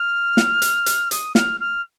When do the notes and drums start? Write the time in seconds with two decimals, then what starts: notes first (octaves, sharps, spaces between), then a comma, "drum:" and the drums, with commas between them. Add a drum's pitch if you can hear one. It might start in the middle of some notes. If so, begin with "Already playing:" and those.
Already playing: F6
0.37 drum: snare
0.62 drum: hi-hat
0.86 drum: hi-hat
1.11 D#6, drum: hi-hat
1.35 F6, drum: snare
1.60 F6